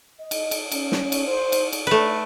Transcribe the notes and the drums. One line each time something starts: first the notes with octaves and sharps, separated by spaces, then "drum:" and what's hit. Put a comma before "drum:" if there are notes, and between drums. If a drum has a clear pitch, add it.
D#5
drum: cymbal
drum: cymbal
C#4, drum: cymbal
drum: snare
drum: cymbal
C5
drum: cymbal
drum: cymbal
A3 D4 B4